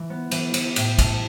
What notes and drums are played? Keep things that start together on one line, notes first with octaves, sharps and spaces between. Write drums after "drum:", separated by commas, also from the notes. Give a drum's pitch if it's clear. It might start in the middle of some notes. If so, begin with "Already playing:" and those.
Already playing: E3
B3
E3, drum: cymbal
E3, drum: cymbal
A2, drum: cymbal
A3, drum: kick, cymbal